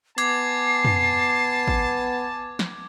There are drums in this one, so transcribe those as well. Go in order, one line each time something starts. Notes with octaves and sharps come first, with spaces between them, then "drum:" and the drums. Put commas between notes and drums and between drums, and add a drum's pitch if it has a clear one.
B3 G#5 A5 D6 G#6 C7, drum: hi-hat
drum: tom
drum: kick G#1
drum: snare